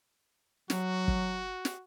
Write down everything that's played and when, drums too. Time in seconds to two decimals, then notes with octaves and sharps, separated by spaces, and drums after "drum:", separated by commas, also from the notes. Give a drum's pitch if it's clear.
0.70 F#3 F#4, drum: snare
1.08 drum: kick
1.65 drum: snare